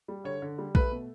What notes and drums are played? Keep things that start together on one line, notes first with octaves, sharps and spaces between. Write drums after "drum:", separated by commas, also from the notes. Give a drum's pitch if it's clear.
G3
D3 C#5
D3
G3
A3 B4, drum: kick A#1
B2